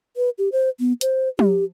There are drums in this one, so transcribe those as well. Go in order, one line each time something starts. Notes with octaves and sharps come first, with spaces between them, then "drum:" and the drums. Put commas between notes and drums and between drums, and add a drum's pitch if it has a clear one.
B4
G4
C5
B3
C5, drum: hi-hat
G4, drum: tom